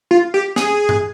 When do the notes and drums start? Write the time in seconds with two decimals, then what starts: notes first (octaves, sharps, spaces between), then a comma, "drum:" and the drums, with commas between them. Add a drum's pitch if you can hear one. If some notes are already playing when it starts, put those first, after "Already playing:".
0.11 F4
0.34 G4
0.56 G#4, drum: snare
0.89 drum: tom G2